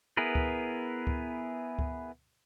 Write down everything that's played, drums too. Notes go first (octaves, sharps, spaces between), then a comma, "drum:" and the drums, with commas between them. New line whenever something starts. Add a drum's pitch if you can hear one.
B3 E4 G#4 A#4 B4
drum: kick C#2
drum: kick C#2
drum: kick C#2